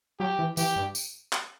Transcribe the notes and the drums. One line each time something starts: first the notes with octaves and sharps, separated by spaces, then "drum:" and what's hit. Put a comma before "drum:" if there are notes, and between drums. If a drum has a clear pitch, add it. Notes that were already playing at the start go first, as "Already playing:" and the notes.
F#3 G4
E3
E3 G4, drum: tambourine
G2
drum: tambourine
drum: clap